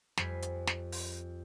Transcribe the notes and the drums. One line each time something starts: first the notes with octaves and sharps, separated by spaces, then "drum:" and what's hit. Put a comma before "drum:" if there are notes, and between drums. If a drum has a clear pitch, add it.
F2 G3 C5 G#5 B6 C7, drum: snare
drum: hi-hat
drum: snare
drum: open hi-hat